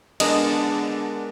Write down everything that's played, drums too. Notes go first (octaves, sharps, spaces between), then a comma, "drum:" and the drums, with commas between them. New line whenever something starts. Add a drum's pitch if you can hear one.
D3 G#3 B3 D4 A#4 D#5, drum: cymbal